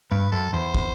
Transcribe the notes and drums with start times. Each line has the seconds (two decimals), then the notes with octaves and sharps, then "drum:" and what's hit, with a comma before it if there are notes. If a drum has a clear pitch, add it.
0.11 G2 B4
0.32 F#2 A4
0.53 E2 C5
0.75 drum: kick